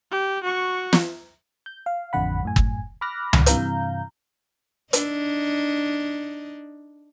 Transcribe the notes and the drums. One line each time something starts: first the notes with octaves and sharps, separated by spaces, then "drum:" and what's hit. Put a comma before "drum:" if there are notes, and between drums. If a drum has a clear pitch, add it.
G4
F#4 C#6
drum: snare
G6
F5
A1 F2 D3 F#5 B5
F#2 A2 G#5
drum: kick
B5 D6 F6 F#6 A#6
drum: tom C#2
G2 C3 E3 F5 A#5 G6, drum: hi-hat
D4 D#4, drum: hi-hat